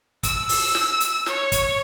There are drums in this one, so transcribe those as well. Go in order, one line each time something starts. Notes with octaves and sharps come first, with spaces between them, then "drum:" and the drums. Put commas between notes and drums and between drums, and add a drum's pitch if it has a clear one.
E6, drum: kick, hi-hat
drum: open hi-hat
drum: snare
drum: hi-hat
C#5, drum: snare
drum: kick, hi-hat